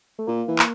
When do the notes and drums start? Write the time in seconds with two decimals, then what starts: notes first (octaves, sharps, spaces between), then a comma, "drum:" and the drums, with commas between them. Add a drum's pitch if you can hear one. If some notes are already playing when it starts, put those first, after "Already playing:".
0.19 A3
0.27 A#2 A#3
0.48 E3
0.59 A#3, drum: clap